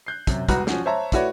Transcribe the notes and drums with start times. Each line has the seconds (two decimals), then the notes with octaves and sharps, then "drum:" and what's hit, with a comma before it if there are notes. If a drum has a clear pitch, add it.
0.07 F#6 G6 C7
0.27 F#2 C3, drum: kick, hi-hat
0.49 E1 C2 F#4 B4 A#5 F#6, drum: kick, hi-hat
0.67 F3 C#4 F#4, drum: snare
0.86 C5 C#5 E5 A5 A#5
1.12 A3 E4 F#4 B4 C#5 D5, drum: kick, hi-hat